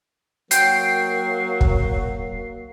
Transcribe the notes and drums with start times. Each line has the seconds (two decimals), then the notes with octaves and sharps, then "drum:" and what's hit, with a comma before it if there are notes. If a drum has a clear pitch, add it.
0.51 F#3 A#3 G5 C7, drum: hi-hat
1.61 drum: kick